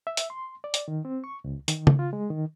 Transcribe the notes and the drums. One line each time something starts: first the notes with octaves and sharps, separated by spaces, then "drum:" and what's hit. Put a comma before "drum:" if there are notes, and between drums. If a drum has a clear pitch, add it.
E5
drum: hi-hat
C6
D5
drum: hi-hat
D#3
C4
C#6
C#2
D#3, drum: hi-hat
drum: tom
F4
G#3
D#3